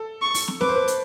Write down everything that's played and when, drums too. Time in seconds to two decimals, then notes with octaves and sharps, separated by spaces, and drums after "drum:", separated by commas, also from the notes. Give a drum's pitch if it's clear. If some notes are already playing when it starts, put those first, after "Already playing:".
Already playing: A4
0.21 C#6
0.34 drum: open hi-hat
0.48 drum: snare
0.61 B4 D6, drum: snare
0.69 C5
0.76 B4
0.88 drum: hi-hat